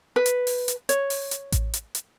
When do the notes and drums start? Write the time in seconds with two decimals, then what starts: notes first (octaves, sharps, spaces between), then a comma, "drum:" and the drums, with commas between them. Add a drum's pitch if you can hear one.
0.16 B4
0.26 drum: hi-hat
0.47 drum: open hi-hat
0.68 drum: hi-hat
0.89 C#5, drum: hi-hat
1.10 drum: open hi-hat
1.31 drum: hi-hat
1.52 drum: kick A1, hi-hat
1.73 drum: hi-hat
1.95 drum: hi-hat